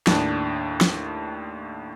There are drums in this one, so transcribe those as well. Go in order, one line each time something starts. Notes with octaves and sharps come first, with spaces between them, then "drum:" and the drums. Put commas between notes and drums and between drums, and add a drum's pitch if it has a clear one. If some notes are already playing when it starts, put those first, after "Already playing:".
D#2 A2 D4, drum: snare
drum: snare